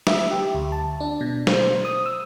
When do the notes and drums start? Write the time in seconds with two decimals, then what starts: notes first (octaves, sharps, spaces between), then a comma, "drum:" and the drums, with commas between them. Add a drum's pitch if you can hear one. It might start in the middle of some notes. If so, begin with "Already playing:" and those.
0.07 E5, drum: snare
0.31 G4
0.54 D2
0.72 A5
1.00 D4
1.21 B2
1.47 C5, drum: snare
1.85 D#6
2.06 E6